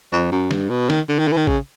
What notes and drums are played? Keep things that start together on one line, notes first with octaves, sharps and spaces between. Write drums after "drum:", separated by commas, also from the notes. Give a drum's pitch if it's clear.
F2
F#2
G2, drum: snare
B2
D#3, drum: snare
D3
D#3
D3
E3
D#3
C#3, drum: kick